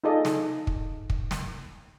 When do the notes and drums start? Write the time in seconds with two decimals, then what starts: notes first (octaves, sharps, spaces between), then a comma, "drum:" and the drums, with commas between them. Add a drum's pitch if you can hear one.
0.04 D#4 F4 G#4 A4 D5 D#5
0.25 drum: snare
0.67 drum: kick
1.10 drum: kick
1.31 drum: snare